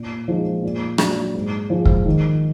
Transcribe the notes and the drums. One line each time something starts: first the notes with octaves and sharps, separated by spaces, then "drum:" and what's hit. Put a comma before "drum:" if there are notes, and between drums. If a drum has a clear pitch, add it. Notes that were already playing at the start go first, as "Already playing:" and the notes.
Already playing: A#2
F3 G#3 D#4
A#2
F#3 D4, drum: rim click
G#2
F3 G#3
drum: kick
D#3